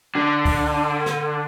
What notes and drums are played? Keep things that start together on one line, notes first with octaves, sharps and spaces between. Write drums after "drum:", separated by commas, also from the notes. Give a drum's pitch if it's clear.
D3
drum: kick C#2, open hi-hat
drum: snare